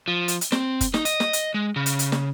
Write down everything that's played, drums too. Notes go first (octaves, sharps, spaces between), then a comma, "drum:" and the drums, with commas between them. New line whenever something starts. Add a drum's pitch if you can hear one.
F3
drum: hi-hat
drum: hi-hat
C4, drum: snare
drum: kick, hi-hat
D#4, drum: snare
D#5, drum: hi-hat
drum: snare
drum: hi-hat
G#3
C#3
drum: hi-hat
drum: hi-hat
drum: snare